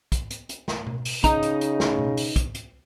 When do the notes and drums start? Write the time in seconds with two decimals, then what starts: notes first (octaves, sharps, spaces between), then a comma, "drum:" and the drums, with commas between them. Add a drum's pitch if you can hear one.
0.12 drum: kick, hi-hat
0.30 drum: hi-hat
0.49 drum: hi-hat
0.68 drum: snare
0.87 drum: tom B2
1.05 drum: open hi-hat
1.24 C#3 D#4 D#5 A#5, drum: kick, hi-hat
1.43 drum: hi-hat
1.61 drum: hi-hat
1.80 drum: snare
1.99 drum: tom B2
2.17 drum: open hi-hat
2.36 drum: kick, hi-hat
2.55 drum: hi-hat